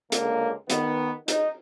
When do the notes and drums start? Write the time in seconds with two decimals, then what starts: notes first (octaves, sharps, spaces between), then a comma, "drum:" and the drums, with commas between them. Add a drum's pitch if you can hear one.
0.12 C#2 D3 A#3, drum: hi-hat
0.70 D#3 B3, drum: hi-hat
1.28 D#4, drum: hi-hat